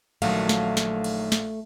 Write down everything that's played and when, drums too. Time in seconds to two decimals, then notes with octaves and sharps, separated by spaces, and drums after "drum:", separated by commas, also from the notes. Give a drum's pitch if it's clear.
0.22 A#1 D#3 F#3 A3 F5, drum: cymbal
0.49 drum: snare
0.77 drum: snare
1.04 drum: cymbal
1.32 drum: snare